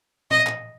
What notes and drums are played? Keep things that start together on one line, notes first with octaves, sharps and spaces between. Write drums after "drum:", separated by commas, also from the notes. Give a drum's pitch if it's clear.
D#5, drum: tom A#2
drum: clap